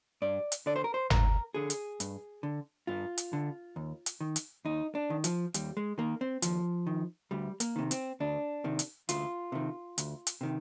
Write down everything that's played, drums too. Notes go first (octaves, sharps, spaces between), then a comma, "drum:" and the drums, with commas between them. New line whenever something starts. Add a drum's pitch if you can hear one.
G2 D5
drum: hi-hat
D3 D5
C5
A#4
C5
G2 A#4, drum: tom
D3 G#4
drum: hi-hat
G2, drum: hi-hat
D3
G2 F4
drum: hi-hat
D3
D#2
drum: hi-hat
D#3
drum: hi-hat
D#2 D#4
D4
D#3
F3, drum: hi-hat
D#2 G3, drum: hi-hat
G#3
D#3 A#3
C4
D#2 F3, drum: hi-hat
D#3
D2 G3
A#3, drum: hi-hat
C3 D#3
C4, drum: hi-hat
D2 D4
C3 D#3
drum: hi-hat
D2 F4, drum: hi-hat
C3 D#3
D2, drum: hi-hat
drum: hi-hat
C3 D#3